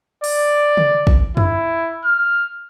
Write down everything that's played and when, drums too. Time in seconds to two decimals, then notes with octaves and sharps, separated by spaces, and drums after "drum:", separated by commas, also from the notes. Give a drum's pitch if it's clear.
0.24 D5, drum: open hi-hat
0.77 drum: tom
1.07 drum: kick
1.37 E4, drum: tom
2.05 F6